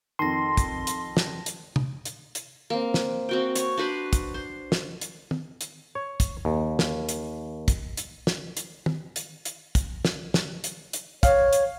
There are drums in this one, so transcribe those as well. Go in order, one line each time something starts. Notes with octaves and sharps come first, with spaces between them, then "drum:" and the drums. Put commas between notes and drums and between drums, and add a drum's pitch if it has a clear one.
F2 D#3 A5 C6 A#6
drum: kick, hi-hat
drum: hi-hat
drum: snare
drum: hi-hat
drum: tom
drum: hi-hat
drum: hi-hat
A#3 C4
drum: snare
C4 F#4 G5
C#5, drum: hi-hat
D4 F#4 B4 C5
drum: kick, hi-hat
C5
drum: snare
drum: hi-hat
drum: tom
drum: hi-hat
C#5
drum: kick, hi-hat
D#2
drum: snare
drum: hi-hat
drum: kick, hi-hat
drum: hi-hat
drum: snare
drum: hi-hat
drum: tom
drum: hi-hat
drum: hi-hat
drum: kick, hi-hat
drum: snare
drum: snare
drum: hi-hat
drum: hi-hat
C#5 F5, drum: kick, hi-hat
drum: hi-hat